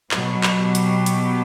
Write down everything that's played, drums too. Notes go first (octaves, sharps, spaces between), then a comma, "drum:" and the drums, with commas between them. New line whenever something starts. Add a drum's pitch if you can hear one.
B2 F#3, drum: clap
drum: clap
G4
drum: hi-hat
drum: hi-hat